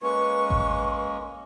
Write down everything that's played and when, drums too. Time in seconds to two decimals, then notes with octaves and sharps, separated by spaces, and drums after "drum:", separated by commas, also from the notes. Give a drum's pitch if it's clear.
0.02 G#3 A#3 C#4 B4 C#6
0.50 drum: kick A1